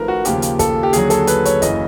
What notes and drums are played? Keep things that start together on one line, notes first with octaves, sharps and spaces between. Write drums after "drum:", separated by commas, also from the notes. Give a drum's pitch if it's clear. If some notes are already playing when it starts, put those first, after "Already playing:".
Already playing: G#1 G#2 F3 A3 A#4 B4
F#4
D#2 C#3 F3 A#3 G4, drum: hi-hat
drum: hi-hat
A4, drum: kick, hi-hat
G4
D#2 D3 F#3 G#4, drum: hi-hat
A4, drum: hi-hat
B4, drum: hi-hat
C#5, drum: hi-hat
F#1 F#2 C#3 E3 D#5, drum: hi-hat